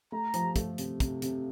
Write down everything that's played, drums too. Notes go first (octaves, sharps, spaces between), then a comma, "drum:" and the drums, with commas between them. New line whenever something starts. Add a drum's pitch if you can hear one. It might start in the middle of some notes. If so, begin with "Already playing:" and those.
A3 A#5
F3, drum: hi-hat
A3, drum: kick, hi-hat
C3, drum: hi-hat
C3, drum: kick, hi-hat
C3, drum: hi-hat